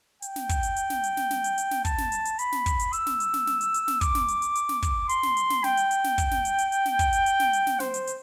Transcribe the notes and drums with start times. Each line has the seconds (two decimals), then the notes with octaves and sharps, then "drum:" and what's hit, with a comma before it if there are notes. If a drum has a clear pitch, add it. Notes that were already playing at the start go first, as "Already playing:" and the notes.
0.22 G5, drum: hi-hat
0.36 drum: snare
0.49 drum: kick, hi-hat
0.63 drum: hi-hat
0.76 drum: hi-hat
0.90 drum: snare
1.03 drum: hi-hat
1.17 drum: snare
1.31 drum: snare
1.44 drum: hi-hat
1.58 drum: hi-hat
1.71 drum: snare
1.85 A5, drum: kick, hi-hat
1.98 drum: snare
2.12 drum: hi-hat
2.25 drum: hi-hat
2.39 B5, drum: hi-hat
2.52 drum: snare
2.66 drum: kick, hi-hat
2.79 drum: hi-hat
2.93 E6, drum: hi-hat
3.07 drum: snare
3.20 drum: hi-hat
3.34 drum: snare
3.47 drum: snare
3.61 drum: hi-hat
3.74 drum: hi-hat
3.88 drum: snare
4.01 D6, drum: kick, hi-hat
4.15 drum: snare
4.28 drum: hi-hat
4.42 drum: hi-hat
4.55 drum: hi-hat
4.69 drum: snare
4.82 drum: kick, hi-hat
5.09 C6, drum: hi-hat
5.23 drum: snare
5.37 drum: hi-hat
5.50 drum: snare
5.64 G5, drum: snare
5.77 drum: hi-hat
5.91 drum: hi-hat
6.04 drum: snare
6.18 drum: kick, hi-hat
6.31 drum: snare
6.45 drum: hi-hat
6.58 drum: hi-hat
6.72 drum: hi-hat
6.86 drum: snare
6.99 drum: kick, hi-hat
7.13 drum: hi-hat
7.26 drum: hi-hat
7.40 drum: snare
7.53 drum: hi-hat
7.67 drum: snare
7.80 C5, drum: snare
7.94 drum: hi-hat
8.07 drum: hi-hat